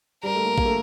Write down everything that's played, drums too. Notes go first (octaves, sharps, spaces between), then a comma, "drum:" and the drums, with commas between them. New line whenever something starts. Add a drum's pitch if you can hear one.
G3 A#4
A3
A#3
A#3, drum: kick A1
A3